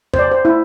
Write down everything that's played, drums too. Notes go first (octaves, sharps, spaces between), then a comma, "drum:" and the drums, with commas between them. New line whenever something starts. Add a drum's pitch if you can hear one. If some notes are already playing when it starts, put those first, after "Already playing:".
C5, drum: tom E2
D5
C5
E4